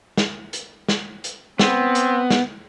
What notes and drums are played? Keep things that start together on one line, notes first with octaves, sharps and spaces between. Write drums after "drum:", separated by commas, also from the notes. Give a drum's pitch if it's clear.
drum: snare
drum: hi-hat
drum: snare
drum: hi-hat
B3 C4, drum: snare
drum: hi-hat
drum: snare